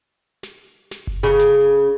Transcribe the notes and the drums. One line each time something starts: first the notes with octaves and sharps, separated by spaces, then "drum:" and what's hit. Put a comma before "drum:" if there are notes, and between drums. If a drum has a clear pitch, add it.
drum: snare
drum: snare
drum: kick F#1
C#3
drum: snare